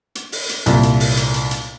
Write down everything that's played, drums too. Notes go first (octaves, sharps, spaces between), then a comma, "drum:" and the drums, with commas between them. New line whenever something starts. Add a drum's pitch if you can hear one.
drum: hi-hat
drum: open hi-hat
drum: hi-hat
C2 A#2, drum: hi-hat
drum: hi-hat
drum: open hi-hat
drum: hi-hat
drum: hi-hat
drum: hi-hat